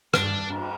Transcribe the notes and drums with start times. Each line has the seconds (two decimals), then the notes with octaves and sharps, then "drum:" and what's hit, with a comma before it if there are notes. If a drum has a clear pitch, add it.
0.14 G2 D4, drum: rim click
0.50 drum: cymbal